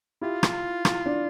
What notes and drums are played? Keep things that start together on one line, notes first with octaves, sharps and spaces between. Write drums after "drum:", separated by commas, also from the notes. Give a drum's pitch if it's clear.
E4 F4 G4
drum: rim click
drum: rim click
D4